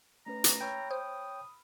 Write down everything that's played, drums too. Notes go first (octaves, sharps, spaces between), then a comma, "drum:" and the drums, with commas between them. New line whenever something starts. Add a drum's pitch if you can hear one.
A3 C#4 B4 A#5
drum: hi-hat
C#5 G5 B5 E6 F6
C5 D#6